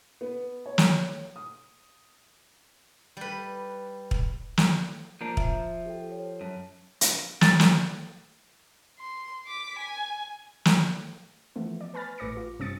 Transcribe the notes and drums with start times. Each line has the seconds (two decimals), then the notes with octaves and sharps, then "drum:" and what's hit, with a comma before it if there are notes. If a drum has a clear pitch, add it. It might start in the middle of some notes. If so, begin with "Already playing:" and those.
0.21 B3
0.66 C#5
0.78 drum: snare
1.36 D#6
3.17 G3 B4
4.11 drum: kick
4.57 drum: snare
5.21 F3 A#3 D4 A#5
5.37 F3 E5, drum: kick
5.86 G4 A4 G5
6.12 C#5
6.41 F#2 A5
7.01 drum: hi-hat
7.41 A6, drum: snare
7.60 drum: snare
9.00 C6
9.47 D6 B6
9.79 G#5
10.65 drum: snare
11.56 E3 F3 A3 B3
11.81 D5
11.94 B4 G#5 B5 F6 A6
12.18 A1 A2 B4 D6 A#6 C#7
12.37 F4
12.59 G2 C3 C#4 D#6 A6 C#7